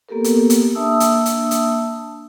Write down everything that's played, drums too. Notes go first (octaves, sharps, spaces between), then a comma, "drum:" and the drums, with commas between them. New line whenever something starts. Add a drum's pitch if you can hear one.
A#3 B3 G4 A4 A#4
drum: hi-hat
drum: hi-hat
A#3 D4 E5 A5 D#6 E6
drum: hi-hat
drum: hi-hat
drum: hi-hat